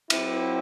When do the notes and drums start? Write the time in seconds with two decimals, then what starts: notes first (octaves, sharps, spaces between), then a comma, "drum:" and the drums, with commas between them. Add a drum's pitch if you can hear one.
0.10 F#3 C4 E4, drum: cymbal